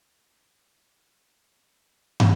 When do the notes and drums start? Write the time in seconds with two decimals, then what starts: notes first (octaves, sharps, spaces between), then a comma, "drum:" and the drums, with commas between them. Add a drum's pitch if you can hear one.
0.21 F#3 C#5
0.55 B2 E3 C4
1.65 G#3 C#4 E5
2.20 drum: tom